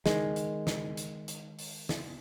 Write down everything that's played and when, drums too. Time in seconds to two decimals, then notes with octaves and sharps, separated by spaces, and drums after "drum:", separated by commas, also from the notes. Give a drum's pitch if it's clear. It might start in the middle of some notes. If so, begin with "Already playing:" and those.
0.06 D#3 G#3, drum: snare
0.36 drum: hi-hat
0.67 drum: snare
0.97 drum: hi-hat
1.28 drum: hi-hat
1.59 drum: open hi-hat
1.89 drum: snare